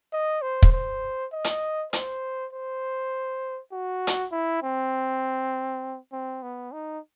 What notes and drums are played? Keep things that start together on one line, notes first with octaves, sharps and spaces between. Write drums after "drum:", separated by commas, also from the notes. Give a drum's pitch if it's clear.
D#5
C5
drum: kick
C5
D#5
drum: hi-hat
C5, drum: hi-hat
C5
F#4
drum: hi-hat
E4
C4
C4
B3
D#4